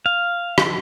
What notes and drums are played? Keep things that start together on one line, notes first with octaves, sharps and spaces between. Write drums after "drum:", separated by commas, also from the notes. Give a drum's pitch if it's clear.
F5
drum: rim click